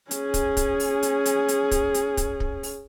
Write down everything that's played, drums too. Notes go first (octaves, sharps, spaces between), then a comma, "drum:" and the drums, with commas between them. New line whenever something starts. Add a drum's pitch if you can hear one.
C#4 G#4, drum: hi-hat
drum: kick, hi-hat
drum: kick, hi-hat
drum: open hi-hat
drum: hi-hat
drum: hi-hat
drum: hi-hat
drum: kick, hi-hat
drum: hi-hat
drum: kick, hi-hat
drum: kick
drum: open hi-hat